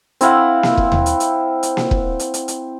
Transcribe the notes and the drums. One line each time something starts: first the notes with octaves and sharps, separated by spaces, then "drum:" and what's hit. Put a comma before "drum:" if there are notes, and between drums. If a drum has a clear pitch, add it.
C4 E4 F5 F#5, drum: hi-hat
drum: snare A#3
drum: kick
drum: tom D#2
drum: hi-hat
drum: hi-hat
drum: hi-hat
drum: snare A#3
drum: kick
drum: hi-hat
drum: hi-hat
drum: hi-hat